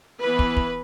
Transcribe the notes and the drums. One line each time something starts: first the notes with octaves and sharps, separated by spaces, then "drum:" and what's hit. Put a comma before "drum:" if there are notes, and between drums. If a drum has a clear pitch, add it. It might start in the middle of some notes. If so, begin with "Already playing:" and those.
E3 B3 B4
drum: kick
drum: kick